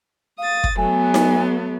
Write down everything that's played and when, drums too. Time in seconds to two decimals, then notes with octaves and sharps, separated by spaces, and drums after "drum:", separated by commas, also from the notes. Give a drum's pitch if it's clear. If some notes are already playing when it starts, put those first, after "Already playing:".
0.38 F5 D#6 A6
0.64 drum: kick
0.77 F#3 A3 B3 G#5
1.14 drum: snare D#4